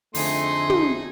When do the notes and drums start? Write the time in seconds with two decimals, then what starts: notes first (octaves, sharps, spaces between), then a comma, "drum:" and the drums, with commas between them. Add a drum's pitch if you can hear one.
0.15 F2 D3 A3 D#4 G#4 C6, drum: open hi-hat
0.70 drum: tom